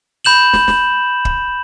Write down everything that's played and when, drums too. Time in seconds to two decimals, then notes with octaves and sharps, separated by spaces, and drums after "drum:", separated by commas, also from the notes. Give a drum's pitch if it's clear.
0.25 B5 G6 E7 F#7
0.53 drum: snare
0.68 drum: snare
1.25 drum: kick